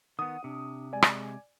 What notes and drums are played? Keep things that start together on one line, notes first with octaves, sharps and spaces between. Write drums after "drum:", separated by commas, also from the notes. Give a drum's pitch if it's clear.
D#3 B3 F#5 D#6
C3 D4
G#3 D5 G#5
drum: rim click